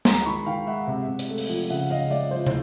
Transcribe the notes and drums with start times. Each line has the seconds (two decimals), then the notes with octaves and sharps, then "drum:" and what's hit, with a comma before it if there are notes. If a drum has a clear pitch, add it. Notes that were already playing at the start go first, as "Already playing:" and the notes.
0.05 G#3 A#5 C6, drum: snare
0.26 D#3 B5 C#6
0.46 D#3 F5 G5
0.67 G#3 E5 F#5
0.87 C3
1.08 C3
1.19 drum: hi-hat
1.29 A3
1.38 drum: open hi-hat
1.49 F3
1.70 C#3 E5 F#5
1.90 C#3 D#5 F5
2.10 G#3 D5 E5
2.31 F3 C5 D5
2.47 C5, drum: tom